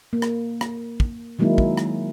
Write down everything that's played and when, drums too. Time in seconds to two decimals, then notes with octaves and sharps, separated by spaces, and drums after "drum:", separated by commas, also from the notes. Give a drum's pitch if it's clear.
0.13 A#3
0.22 drum: rim click
0.61 drum: rim click
1.00 drum: kick
1.39 D#3 F#3 G#3 A#3 D#4 E4
1.58 drum: kick
1.77 drum: rim click